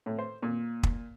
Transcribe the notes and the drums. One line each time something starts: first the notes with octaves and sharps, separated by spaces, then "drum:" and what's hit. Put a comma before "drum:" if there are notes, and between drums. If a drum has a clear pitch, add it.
A2
C5
A#2
drum: kick